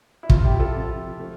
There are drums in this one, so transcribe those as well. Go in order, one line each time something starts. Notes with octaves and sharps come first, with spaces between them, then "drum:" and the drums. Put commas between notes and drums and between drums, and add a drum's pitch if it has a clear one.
E4
F2 C3 F3 F4, drum: kick
E4 G4
F4 A4
F2 C3 F3
F3 A3